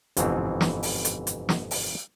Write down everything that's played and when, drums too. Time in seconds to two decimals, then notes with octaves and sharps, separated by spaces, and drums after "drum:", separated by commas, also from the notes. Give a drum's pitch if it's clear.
0.17 G1 F2 G#2 B2 E3 C4, drum: hi-hat
0.61 drum: snare
0.83 drum: open hi-hat
1.05 drum: hi-hat
1.27 drum: hi-hat
1.49 drum: snare
1.71 drum: open hi-hat